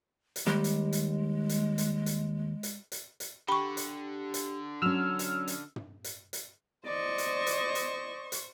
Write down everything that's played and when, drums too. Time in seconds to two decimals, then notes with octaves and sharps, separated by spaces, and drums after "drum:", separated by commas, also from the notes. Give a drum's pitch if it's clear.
0.36 drum: hi-hat
0.47 D#2 G3 G#3
0.64 drum: hi-hat
0.93 drum: hi-hat
1.49 drum: hi-hat
1.78 drum: hi-hat
2.06 drum: hi-hat
2.63 drum: hi-hat
2.92 drum: hi-hat
3.20 drum: hi-hat
3.48 D3 G4 B5 C#6
3.77 drum: hi-hat
4.34 drum: hi-hat
4.82 F#3 C#4 E6 F6
5.19 drum: hi-hat
5.48 drum: hi-hat
5.76 drum: tom
6.04 drum: hi-hat
6.33 drum: hi-hat
6.87 C5 D5 D#5 C#6
7.18 drum: hi-hat
7.47 drum: hi-hat
7.75 drum: hi-hat
8.32 drum: hi-hat